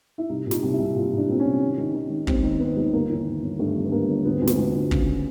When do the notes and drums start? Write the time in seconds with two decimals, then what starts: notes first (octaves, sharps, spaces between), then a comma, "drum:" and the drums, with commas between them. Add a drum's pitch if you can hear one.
0.18 E4
0.29 C2 D#4
0.46 A#2
0.51 D#4, drum: snare
0.63 C2
0.73 E4
0.79 C2
0.95 A#2 F4
1.12 A#2
1.18 D4
1.28 A#2 C4
1.40 C#4
1.45 C2
1.61 D#3
1.78 D#3
1.94 D#3
2.10 D#3
2.27 D#2 C4, drum: kick
2.43 D#3
2.60 D#3 B3
2.77 D#2
2.93 G1 A#3
3.10 E3
3.26 G1
3.42 G1
3.59 G2 A3
3.76 G1
3.85 B3
3.92 G2 A#3
4.08 G1
4.25 D2 B3
4.36 C4
4.42 D2
4.48 B3, drum: snare
4.58 D2
4.75 D2
4.91 C#3, drum: kick